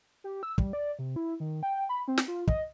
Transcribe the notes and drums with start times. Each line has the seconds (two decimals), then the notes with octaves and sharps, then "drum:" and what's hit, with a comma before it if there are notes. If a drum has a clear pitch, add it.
0.24 G4
0.43 E6
0.58 G3, drum: kick
0.73 D5
0.99 C3
1.16 E4
1.40 D#3
1.63 G5
1.89 B5
2.08 C4
2.18 drum: snare
2.28 F4
2.48 D#5, drum: kick